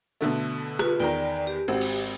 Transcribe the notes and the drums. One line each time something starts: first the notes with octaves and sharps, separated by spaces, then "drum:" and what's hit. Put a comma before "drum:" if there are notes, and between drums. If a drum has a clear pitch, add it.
B2 D3 A3
F4 B4, drum: rim click
E2 D#3 A#4 D5 G5
G4
G#1 C4 F#4
drum: cymbal